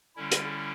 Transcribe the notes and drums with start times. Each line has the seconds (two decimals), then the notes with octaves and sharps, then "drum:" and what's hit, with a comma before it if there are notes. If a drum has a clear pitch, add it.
0.16 D3 G3 C#4 E4
0.32 drum: hi-hat